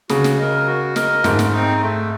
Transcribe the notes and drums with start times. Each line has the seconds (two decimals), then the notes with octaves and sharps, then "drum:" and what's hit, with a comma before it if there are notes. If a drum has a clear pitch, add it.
0.09 C#3 F#4, drum: snare
0.24 drum: snare
0.38 A#4 D#5
0.67 F#4
0.96 A#4 D#5, drum: snare
1.24 G#2 A3, drum: snare
1.39 drum: snare
1.53 C4 D#4
1.82 A3